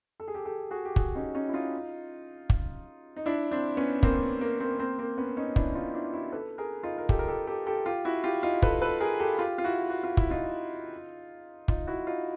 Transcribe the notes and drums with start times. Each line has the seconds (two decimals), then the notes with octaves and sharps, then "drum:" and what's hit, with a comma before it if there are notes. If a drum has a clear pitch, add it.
0.20 A4
0.28 G#4
0.34 G4 A4
0.45 G4 A4
0.71 F#4 G#4
0.85 G4
0.96 F#4 G#4, drum: kick
1.15 C#4 D#4
1.35 C#4 D#4
1.49 E4
1.53 D#4 F4
2.50 drum: kick
3.16 D#4
3.26 D4 E4
3.51 C4 D4
3.77 B3 C#4
4.03 A#3 C4, drum: kick
4.41 A#3
4.60 A#3 C4
4.79 A#3 C4
4.98 A#3 C4
5.18 B3 C#4
5.37 C#4 D#4
5.56 D4 E4, drum: kick
5.75 D#4 F4
5.94 D4 E4
6.13 E4 F#4
6.32 A4 B4
6.58 G#4 A#4
6.83 D#4 F4
6.98 A#4
7.09 G4 A4, drum: kick
7.19 A#4
7.28 G4 A4
7.47 G4 A4
7.66 G4 A4
7.86 F4 G4
8.05 E4 F#4
8.24 F4 G4
8.43 D#4 F4
8.62 A4 B4, drum: kick
8.82 A4 B4
9.00 G#4 A#4
9.19 G4 A4
9.39 F4 G4
9.58 F4
9.64 E4 F#4
9.90 F#4
10.03 F4
10.17 E4, drum: kick
10.30 D#4 F4
11.68 D#4 F4, drum: kick
11.87 E4 F#4
12.07 D#4 F4